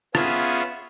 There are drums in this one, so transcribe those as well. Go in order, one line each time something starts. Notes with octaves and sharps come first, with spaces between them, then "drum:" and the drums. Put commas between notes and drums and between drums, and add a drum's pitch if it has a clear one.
B3 C#4 F4 G#4 E5, drum: rim click